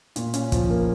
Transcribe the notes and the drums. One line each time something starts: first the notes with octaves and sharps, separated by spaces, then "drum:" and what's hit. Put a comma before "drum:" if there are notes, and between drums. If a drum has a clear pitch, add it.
A#2, drum: hi-hat
C#4, drum: hi-hat
F3, drum: kick, hi-hat
A#3